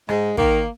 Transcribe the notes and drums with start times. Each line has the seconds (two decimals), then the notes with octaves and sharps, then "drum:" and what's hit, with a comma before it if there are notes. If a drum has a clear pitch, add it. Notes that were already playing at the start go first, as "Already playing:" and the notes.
0.09 G#2 G#3, drum: rim click
0.37 D#3 A#3, drum: kick